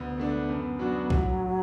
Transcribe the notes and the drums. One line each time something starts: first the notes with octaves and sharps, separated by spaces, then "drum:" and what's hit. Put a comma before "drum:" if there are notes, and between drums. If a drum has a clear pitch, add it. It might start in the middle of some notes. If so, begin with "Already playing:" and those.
Already playing: D2 B3
D3 A3 D4
F#2
F#3 D4 F#4
A2 F#3, drum: kick B1